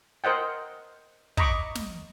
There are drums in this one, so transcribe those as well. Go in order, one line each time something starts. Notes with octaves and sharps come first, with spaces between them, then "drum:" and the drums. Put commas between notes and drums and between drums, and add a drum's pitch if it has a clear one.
A#4 C5 D#5 F#5 G5
D#5 A#5 B5 C#6 D6, drum: kick
drum: snare